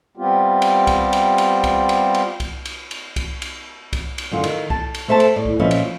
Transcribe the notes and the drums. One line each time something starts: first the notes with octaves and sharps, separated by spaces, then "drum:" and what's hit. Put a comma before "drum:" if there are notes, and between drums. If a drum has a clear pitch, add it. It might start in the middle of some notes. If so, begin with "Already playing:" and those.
G3 B3 C4 F4 G4
drum: cymbal
drum: kick C2, cymbal
drum: cymbal
drum: cymbal
drum: kick C2, cymbal
drum: cymbal
drum: cymbal
drum: kick C2, cymbal
drum: cymbal
drum: cymbal
drum: kick C2, cymbal
drum: cymbal
drum: kick C2, cymbal
drum: cymbal
F#2 D3 F4
D#3, drum: cymbal
A5, drum: kick C2
drum: cymbal
A3 C5 E5 F5 A5
drum: cymbal
A2 D5
drum: kick C2
A#2 F3 C#4 B4 D#5 E5
drum: cymbal